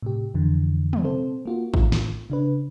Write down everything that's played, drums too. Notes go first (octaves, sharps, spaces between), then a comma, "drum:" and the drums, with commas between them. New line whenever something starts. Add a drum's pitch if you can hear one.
A2 C3 G4
F2 D3 E3
drum: tom
C4 A4 C5
A#3 F4 F#4
A2 F4, drum: kick
drum: snare
C#3 D4 B4